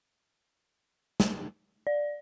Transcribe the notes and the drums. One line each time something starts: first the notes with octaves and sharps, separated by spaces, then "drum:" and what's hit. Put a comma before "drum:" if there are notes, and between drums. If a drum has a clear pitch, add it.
drum: snare
D5